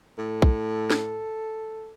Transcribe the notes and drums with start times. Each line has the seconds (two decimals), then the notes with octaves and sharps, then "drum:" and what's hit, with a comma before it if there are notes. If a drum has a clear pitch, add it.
0.18 A2 A4
0.42 drum: kick
0.90 drum: snare